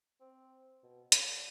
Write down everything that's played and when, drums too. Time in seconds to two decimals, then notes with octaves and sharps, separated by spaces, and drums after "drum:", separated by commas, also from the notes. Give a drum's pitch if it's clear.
0.21 C4
0.83 B2
1.12 D3, drum: hi-hat